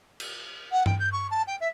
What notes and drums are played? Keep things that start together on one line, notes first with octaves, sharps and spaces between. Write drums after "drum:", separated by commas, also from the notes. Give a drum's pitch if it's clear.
drum: cymbal
F#5
G5, drum: tom G2
G6
C#6
A5
G5
E5